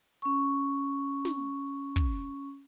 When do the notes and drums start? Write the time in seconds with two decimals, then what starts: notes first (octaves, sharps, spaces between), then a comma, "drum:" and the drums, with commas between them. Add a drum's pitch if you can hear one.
0.22 C#4 C#6
1.25 drum: snare
1.96 drum: kick